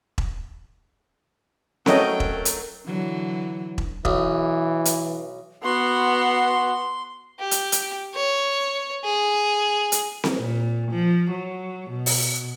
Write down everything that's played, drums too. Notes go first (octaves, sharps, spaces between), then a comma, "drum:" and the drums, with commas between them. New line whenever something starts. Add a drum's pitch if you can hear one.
drum: kick E1
F#3 A3 C#4 A#4 D#5 G5, drum: snare C4
drum: kick E1
drum: hi-hat
D3 E3 F#3
drum: kick E1
B1 E3, drum: kick E1
drum: hi-hat
B3 F#4 C6
G4
drum: hi-hat
drum: hi-hat
C#5
G#4
drum: hi-hat
drum: snare C4
A#2
F3
F#3
B2
drum: open hi-hat